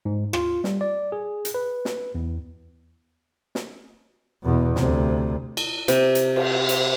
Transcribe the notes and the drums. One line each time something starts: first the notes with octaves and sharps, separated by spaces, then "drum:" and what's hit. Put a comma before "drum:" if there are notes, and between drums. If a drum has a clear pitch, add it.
G#2
F4, drum: rim click
G3, drum: snare
D5
G#4
drum: hi-hat
B4
drum: snare
E2
drum: snare
E2 B2
D2 C3, drum: snare
drum: cymbal
C3, drum: hi-hat
drum: hi-hat
drum: cymbal
drum: hi-hat